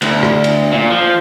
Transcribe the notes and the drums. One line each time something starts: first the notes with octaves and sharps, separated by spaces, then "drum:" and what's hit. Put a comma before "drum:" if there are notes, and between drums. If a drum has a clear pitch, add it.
D2, drum: cymbal
drum: rim click
drum: cymbal
A#2
F3